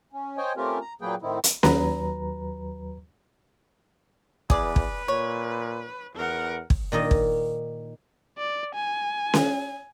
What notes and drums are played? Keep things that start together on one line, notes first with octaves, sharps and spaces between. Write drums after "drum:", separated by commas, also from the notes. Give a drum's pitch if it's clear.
C#4
C5 C#5 D#5 G5 G#5
A3 C4 C#4 F4 G4 A#4
A#5
A#2 F#3 A#3 G#4 B4 G5
A2 D#3 C4 D#4 E4
drum: hi-hat
D#2 F#3 B4 A#5, drum: snare C#4
E2 G#4 B4 D5, drum: kick
drum: kick
A#2 C#5
E2 A#4 F#5
drum: kick
A#2 D#3 D#5
drum: kick
D5
G#5
drum: snare C#4